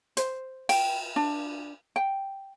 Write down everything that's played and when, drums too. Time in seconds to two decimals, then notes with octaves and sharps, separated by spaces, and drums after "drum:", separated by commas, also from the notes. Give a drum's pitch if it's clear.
0.17 C5, drum: hi-hat
0.69 G5, drum: cymbal
1.16 D4
1.96 G5